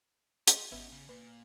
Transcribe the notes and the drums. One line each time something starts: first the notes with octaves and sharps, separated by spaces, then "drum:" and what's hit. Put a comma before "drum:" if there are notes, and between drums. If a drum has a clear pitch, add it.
D#5 C6, drum: hi-hat
G#1 B3 C#4 D#5 E5
C#3
A#2 B4